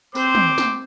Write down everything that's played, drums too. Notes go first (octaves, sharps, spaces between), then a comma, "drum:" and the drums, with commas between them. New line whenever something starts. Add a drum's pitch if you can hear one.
C4 C5 D6, drum: tambourine
drum: tom
drum: snare